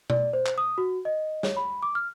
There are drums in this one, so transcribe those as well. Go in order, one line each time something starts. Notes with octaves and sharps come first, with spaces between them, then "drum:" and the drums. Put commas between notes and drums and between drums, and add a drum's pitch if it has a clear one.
D5, drum: tom B2
C5
drum: clap
D#6
F#4
D#5
C#5, drum: snare
B5
D6
F6